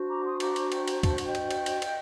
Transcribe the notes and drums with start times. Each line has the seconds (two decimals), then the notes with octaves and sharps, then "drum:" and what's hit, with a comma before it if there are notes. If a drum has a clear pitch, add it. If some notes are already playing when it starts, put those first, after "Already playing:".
Already playing: D4 F#4 C5
0.08 A#5 D6
0.24 C6 D#6
0.40 A#5 D6, drum: cymbal
0.56 drum: cymbal
0.72 G5 A#5, drum: cymbal
0.88 drum: cymbal
1.03 A5, drum: kick, cymbal
1.11 G5
1.18 F#5, drum: cymbal
1.24 D#5 G5
1.35 drum: cymbal
1.51 drum: cymbal
1.66 drum: cymbal
1.82 drum: cymbal